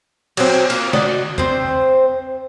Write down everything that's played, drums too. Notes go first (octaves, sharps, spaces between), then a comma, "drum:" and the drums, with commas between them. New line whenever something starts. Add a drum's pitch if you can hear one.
F#3 C4, drum: cymbal
A#3 F4, drum: cymbal
F#4 D5 D#5, drum: snare
C4 C5, drum: tom